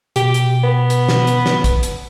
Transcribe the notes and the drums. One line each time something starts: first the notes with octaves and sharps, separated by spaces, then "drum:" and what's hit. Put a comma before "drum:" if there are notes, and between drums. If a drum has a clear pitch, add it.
B2 G4, drum: hi-hat
drum: hi-hat
B3
drum: hi-hat
drum: snare
drum: hi-hat
drum: snare
drum: kick, hi-hat
drum: hi-hat